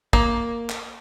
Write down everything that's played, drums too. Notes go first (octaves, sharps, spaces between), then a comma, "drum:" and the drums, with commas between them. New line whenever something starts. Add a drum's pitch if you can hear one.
A#3, drum: kick
drum: clap